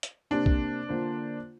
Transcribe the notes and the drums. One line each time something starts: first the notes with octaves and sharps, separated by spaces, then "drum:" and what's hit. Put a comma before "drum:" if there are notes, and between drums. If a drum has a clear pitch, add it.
drum: hi-hat
C3 A#3 D4 G4 C5
drum: kick
D3 A#3 F4 C5